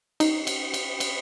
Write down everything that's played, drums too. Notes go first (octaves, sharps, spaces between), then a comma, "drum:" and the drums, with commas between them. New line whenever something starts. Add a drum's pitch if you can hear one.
D#4, drum: cymbal
drum: cymbal
drum: cymbal
drum: cymbal